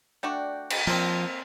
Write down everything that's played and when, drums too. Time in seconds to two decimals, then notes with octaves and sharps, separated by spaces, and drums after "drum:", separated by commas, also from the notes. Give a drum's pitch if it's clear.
0.23 A3 D4 F#4 D5 G5
0.70 drum: cymbal
0.87 F3 A#3 C4